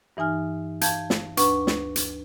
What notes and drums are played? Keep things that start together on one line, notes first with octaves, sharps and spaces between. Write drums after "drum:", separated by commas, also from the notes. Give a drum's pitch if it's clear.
G2 E3 D#4 G#5 F6
F5 A5 G6 G#6, drum: hi-hat
drum: snare
D2 D4 B4 C#6, drum: hi-hat
drum: snare
drum: hi-hat